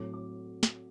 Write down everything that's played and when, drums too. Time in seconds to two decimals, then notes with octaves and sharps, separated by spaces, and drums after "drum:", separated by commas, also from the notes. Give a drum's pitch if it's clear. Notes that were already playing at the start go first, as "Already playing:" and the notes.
Already playing: A2 F#3 A3 C4 D6
0.14 D6
0.63 drum: snare